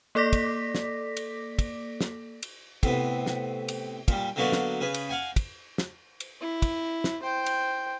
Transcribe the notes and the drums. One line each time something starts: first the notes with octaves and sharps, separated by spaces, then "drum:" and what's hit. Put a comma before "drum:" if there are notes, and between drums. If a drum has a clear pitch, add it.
A#3 A4 D5 D6 A#6 B6
drum: kick, cymbal
drum: snare
drum: cymbal
drum: kick, cymbal
drum: snare
drum: cymbal
A2 C3 B3, drum: kick, cymbal
drum: snare
drum: cymbal
A#2 G3, drum: kick, cymbal
D3 F#3 A#3 B3 F#4 D5
drum: snare
C#3 G#4 B4
drum: cymbal
F5 F#5 G#5
drum: kick, cymbal
drum: snare
drum: cymbal
E4
drum: kick, cymbal
drum: snare
C5 G5
drum: cymbal